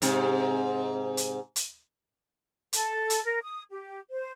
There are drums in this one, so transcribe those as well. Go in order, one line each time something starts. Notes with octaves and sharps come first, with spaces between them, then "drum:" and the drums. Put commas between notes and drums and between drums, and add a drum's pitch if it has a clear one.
G#2 C3, drum: hi-hat
drum: hi-hat
drum: hi-hat
A4, drum: hi-hat
drum: hi-hat
A#4
D#6
G4
C5